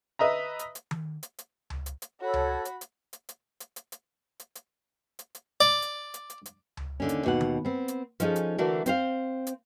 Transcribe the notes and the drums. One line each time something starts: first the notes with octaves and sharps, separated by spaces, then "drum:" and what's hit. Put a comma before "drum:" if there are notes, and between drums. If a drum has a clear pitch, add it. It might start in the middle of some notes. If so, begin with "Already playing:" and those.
B4 D#5 E5 A#5
drum: hi-hat
drum: hi-hat
drum: tom D#3
drum: hi-hat
drum: hi-hat
drum: tom C#2
drum: hi-hat
drum: hi-hat
F#4 A4 C#5 B5
drum: tom C#2
drum: hi-hat
drum: hi-hat
drum: hi-hat
drum: hi-hat
drum: hi-hat
drum: hi-hat
drum: hi-hat
drum: hi-hat
drum: hi-hat
drum: hi-hat
drum: hi-hat
D5
drum: hi-hat
drum: hi-hat
drum: hi-hat
drum: hi-hat
drum: tom C#2
D#2 D3 C#4
drum: hi-hat
D#2 B2 F#5
drum: tom D#3
B3 C4
drum: hi-hat
F3 C#4 D#4 G#4 A4, drum: hi-hat
drum: hi-hat
D3 E3 A3 D4 F#4 A#4
C4 C5 F5, drum: hi-hat
drum: hi-hat